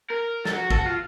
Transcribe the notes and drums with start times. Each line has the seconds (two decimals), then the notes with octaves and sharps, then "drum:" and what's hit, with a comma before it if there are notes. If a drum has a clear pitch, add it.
0.10 A#4
0.45 A4, drum: snare
0.51 F#4
0.71 A4, drum: kick
0.78 F#4
0.86 F4